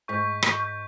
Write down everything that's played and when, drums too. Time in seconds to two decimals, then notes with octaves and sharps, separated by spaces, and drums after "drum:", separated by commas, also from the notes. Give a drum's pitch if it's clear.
0.08 G#2 C#6 G6 B6
0.43 drum: rim click
0.59 C#6 G6 B6